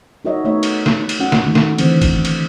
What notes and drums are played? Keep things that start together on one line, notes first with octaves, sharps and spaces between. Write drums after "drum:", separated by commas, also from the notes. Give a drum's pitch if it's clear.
D#4 F#4 A#4 C#5 D#5 E5
A3 B3 D#4 C#5 D#5 E5
drum: cymbal
drum: snare
drum: cymbal
C#4 F#4 F#5
drum: snare
D3 D#3 A3 D#4
drum: snare
D3 E3 C4, drum: cymbal
drum: kick F#1, cymbal
drum: cymbal